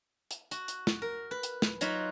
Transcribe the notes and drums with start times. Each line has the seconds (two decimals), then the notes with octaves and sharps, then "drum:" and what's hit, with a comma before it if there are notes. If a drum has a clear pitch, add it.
0.31 drum: hi-hat
0.51 F#4, drum: hi-hat
0.68 drum: hi-hat
0.87 drum: snare
1.02 A#4
1.31 B4
1.43 drum: hi-hat
1.62 drum: snare
1.81 F#3 D#4 F4 F#4 B5, drum: hi-hat